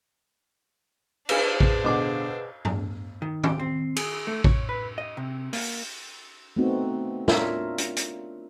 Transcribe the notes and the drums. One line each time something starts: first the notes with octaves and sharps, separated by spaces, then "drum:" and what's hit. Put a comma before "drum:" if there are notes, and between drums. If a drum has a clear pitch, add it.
D4 G#4 B4 C5 F5, drum: cymbal
drum: kick A1
B2 D3 D6
drum: tom G2
D#3
G4, drum: tom D#3
C4
G#4, drum: cymbal
A3
C#5, drum: kick A1
B4
D#5
C3
A#3, drum: open hi-hat
A3 B3 C4 D#4 F#4
D4 F4 A#4 C#5 E5, drum: snare
drum: hi-hat
drum: hi-hat